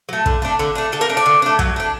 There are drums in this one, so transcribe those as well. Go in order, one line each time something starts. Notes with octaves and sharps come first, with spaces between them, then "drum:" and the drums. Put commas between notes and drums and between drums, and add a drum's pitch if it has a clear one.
F#3 A3
D3, drum: kick
A3 D4
D3
A3 D4
D3 A4
A#4
A3 D4
D5
D3
A3 D4
F#3, drum: kick
A3 D4